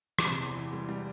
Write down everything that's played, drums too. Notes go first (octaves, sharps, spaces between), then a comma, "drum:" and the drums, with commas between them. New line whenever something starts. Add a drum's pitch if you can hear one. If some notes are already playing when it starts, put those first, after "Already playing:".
D6, drum: rim click
C3 C6
E2
E3
G3
G3